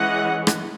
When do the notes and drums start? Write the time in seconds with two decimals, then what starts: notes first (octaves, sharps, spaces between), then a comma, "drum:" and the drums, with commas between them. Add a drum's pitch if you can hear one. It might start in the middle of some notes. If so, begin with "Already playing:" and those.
Already playing: E3 G#3 C#4 D#5 F#5
0.47 drum: rim click